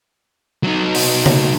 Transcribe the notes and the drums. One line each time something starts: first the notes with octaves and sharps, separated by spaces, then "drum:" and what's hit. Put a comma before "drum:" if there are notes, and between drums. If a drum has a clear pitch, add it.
F#3 D#4
drum: open hi-hat
drum: tom C#3